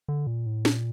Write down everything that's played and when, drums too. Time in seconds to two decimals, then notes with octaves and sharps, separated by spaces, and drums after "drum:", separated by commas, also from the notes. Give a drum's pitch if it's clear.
0.08 D3
0.27 A#2
0.46 A2
0.65 A#2, drum: snare